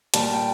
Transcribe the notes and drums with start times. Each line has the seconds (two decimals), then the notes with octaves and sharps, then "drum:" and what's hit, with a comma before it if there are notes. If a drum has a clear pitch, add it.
0.14 A#2 G3 A5, drum: hi-hat
0.24 A5
0.34 G5